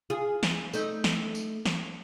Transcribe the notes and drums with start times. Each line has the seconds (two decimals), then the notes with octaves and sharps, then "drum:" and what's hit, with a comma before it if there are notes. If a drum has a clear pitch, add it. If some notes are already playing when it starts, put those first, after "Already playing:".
0.10 F4 G#4
0.43 drum: snare
0.73 A3 D#4, drum: tambourine
1.04 drum: snare
1.35 drum: tambourine
1.66 drum: snare